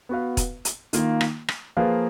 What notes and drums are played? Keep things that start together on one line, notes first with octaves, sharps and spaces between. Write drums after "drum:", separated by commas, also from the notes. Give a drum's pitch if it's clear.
B3 F#4 B4 F5
drum: kick E1, hi-hat
drum: hi-hat
D#3 A#3 F4, drum: hi-hat
drum: rim click
drum: rim click
F3 A#3 F4 G#4 B4